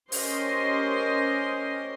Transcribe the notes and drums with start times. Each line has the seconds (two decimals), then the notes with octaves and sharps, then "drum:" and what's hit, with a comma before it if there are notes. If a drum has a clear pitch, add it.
0.12 C#4 G4 A#4 C5 D#5 C6, drum: open hi-hat